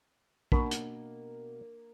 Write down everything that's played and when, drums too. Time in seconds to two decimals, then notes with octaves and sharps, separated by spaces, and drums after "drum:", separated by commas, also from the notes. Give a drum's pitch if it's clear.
0.52 B2 A#3 D4, drum: kick
0.71 drum: hi-hat